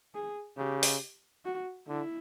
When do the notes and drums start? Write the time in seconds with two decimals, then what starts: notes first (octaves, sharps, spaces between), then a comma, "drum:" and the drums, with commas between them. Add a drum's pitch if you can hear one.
0.14 G#4
0.57 C#3 G4
0.83 drum: open hi-hat
1.45 F#4
1.88 D3 E4